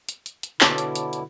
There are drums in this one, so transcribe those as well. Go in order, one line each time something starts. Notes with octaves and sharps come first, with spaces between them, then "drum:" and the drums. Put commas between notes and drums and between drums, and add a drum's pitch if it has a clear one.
drum: hi-hat
drum: hi-hat
drum: hi-hat
B2 D3 E4 C#5 A5 D6, drum: clap
drum: hi-hat
drum: hi-hat
drum: hi-hat